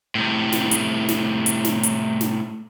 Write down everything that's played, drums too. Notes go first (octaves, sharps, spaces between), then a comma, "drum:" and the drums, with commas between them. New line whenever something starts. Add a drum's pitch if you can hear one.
A2 C3
drum: snare
drum: hi-hat
drum: snare
drum: hi-hat
drum: snare
drum: hi-hat
drum: snare